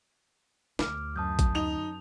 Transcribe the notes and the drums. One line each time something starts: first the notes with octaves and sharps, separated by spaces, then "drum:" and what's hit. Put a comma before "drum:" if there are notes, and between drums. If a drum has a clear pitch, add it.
D2 D6 F6, drum: snare
F#2 A5 D#6 G6
drum: kick A1, hi-hat
D#4 F7